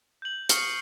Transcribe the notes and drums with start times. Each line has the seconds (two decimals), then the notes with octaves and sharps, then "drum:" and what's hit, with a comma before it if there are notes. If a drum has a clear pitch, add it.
0.22 G6 F#7
0.49 C#6 D#6 F6 C7 C#7, drum: hi-hat